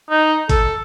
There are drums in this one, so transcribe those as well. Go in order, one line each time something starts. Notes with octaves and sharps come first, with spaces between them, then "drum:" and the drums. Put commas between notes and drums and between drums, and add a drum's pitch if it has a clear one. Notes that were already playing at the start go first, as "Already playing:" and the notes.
D#4
A4, drum: kick G1, hi-hat